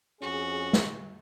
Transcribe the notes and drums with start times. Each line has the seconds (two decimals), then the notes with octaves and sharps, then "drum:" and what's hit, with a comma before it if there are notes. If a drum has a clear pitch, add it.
0.21 F2 C#4 F#4 G#4
0.73 drum: snare